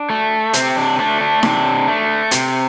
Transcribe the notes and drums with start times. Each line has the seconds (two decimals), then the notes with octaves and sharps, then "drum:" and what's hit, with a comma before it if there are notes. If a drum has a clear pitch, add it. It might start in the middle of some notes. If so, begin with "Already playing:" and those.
Already playing: D4
0.10 A3
0.53 C3 C4, drum: hi-hat
0.76 D4
0.99 A3 D4
1.21 D4
1.43 C3 D4, drum: snare D#4
1.88 A3
2.31 C3, drum: hi-hat